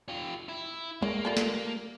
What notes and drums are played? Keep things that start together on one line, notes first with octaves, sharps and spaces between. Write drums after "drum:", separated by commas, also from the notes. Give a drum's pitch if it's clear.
F4 G4
E4
C#3 A#3, drum: tom
G3 F4 A4
drum: snare